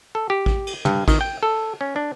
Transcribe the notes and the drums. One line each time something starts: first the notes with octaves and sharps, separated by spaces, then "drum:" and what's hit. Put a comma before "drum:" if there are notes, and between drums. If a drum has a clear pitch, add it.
A4
G4
drum: kick A1
drum: cymbal
G2, drum: tom
D#3, drum: kick A1, cymbal
G5
A4
C#4
D4